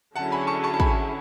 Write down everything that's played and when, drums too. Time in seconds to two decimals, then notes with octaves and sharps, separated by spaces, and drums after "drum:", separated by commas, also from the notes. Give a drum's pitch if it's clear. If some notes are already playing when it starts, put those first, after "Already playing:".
0.15 D3 F#3 C#4 E4 G#4 F#5 A5
0.32 G#5 B5
0.47 A5 C#6
0.64 A5 C#6
0.74 A5
0.80 G#5 B5, drum: kick